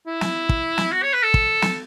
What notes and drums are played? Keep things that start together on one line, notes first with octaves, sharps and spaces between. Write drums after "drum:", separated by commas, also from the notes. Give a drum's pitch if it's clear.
E4
drum: snare
drum: kick
drum: snare
F#4
C#5
B4
A4
drum: kick
drum: snare